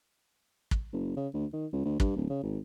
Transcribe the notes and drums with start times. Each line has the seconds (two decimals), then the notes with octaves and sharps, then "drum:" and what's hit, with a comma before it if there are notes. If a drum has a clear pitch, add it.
0.71 drum: kick
0.93 F#1
1.17 C#3
1.34 D2
1.53 D#3
1.72 C#2
1.85 D2
2.00 G2, drum: kick
2.16 D1
2.30 C#3
2.43 G#1